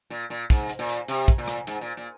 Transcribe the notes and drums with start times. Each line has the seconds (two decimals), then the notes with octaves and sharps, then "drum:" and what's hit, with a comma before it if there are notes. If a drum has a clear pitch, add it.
0.10 A#2
0.30 A#2
0.50 G#2, drum: kick, hi-hat
0.69 drum: hi-hat
0.79 A#2
0.89 drum: hi-hat
1.08 C3, drum: hi-hat
1.28 drum: kick, hi-hat
1.38 A#2
1.48 drum: rim click
1.67 G#2, drum: hi-hat
1.81 A#2
1.97 A#2